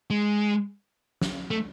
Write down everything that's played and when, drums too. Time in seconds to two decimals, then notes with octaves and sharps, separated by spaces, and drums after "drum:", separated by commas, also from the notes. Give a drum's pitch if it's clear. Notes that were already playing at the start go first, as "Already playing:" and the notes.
0.10 G#3
1.22 drum: snare
1.51 A3